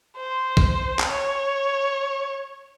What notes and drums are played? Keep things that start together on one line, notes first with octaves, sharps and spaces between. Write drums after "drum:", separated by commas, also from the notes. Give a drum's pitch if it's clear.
C5
drum: kick
drum: clap
C#5